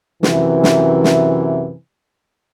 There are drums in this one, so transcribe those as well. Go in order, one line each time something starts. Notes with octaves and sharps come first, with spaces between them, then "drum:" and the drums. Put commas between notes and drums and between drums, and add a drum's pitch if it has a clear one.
F#2 C3 E3, drum: snare
drum: snare
drum: snare